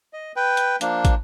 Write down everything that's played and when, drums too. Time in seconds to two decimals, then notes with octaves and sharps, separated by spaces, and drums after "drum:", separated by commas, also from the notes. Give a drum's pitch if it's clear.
0.13 D#5
0.36 B4 G5
0.57 drum: hi-hat
0.81 F3 A#3 D4, drum: hi-hat
1.05 drum: kick, hi-hat